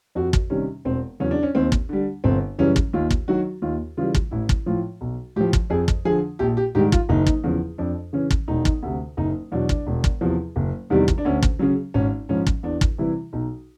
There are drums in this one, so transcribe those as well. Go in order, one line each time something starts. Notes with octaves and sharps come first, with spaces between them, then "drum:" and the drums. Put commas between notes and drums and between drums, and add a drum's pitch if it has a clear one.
F2 F#4
drum: kick
C3 D#3 G3 C#4
E1 C4
E2 C#3 F#3 C#4
D4
C#4
D#2 C4
drum: kick
D3 G3
G1 C4
F#2 C#3 E3 G3 C#4
drum: kick
D#2 F4
drum: kick
D#3 F#3 F#4
D#2 F4
C#3 E3 G3 F4
drum: kick
A1 E4
drum: kick
A2 F3 F4
B1
A2 F3 G4
drum: kick
F2 G#4
drum: kick
D3 F3 G#4
A#1 G4
G4
G#2 D#3 G3 G4
F4, drum: kick
F#1 D#4
drum: kick
E2 C#3 F3
F2 D4
C#3 E3 C#4
drum: kick
E1 D#4
drum: kick
D2 C3
F#1 D#4
E2 B2 F#3 D4
drum: kick
E1
drum: kick
E2 C3 F3
F#1
E2 C3 D#3 G3
drum: kick
D4
D2 C#4
drum: kick
C#3 F#3 C#4
G#1 C#4
G#2 F3 C#4
drum: kick
E2 D4
drum: kick
C3 E3 G3 E4
B1 D#4